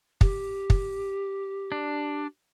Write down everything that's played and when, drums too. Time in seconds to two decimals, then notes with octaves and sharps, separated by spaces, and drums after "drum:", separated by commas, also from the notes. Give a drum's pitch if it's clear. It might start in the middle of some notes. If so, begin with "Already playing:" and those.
0.21 G4, drum: kick
0.70 drum: kick
1.72 D4